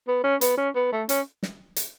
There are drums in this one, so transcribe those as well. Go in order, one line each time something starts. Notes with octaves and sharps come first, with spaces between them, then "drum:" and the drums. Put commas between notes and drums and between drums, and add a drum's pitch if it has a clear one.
B3
C#4
B3, drum: hi-hat
C#4
B3
A3
C#4, drum: hi-hat
drum: snare
drum: hi-hat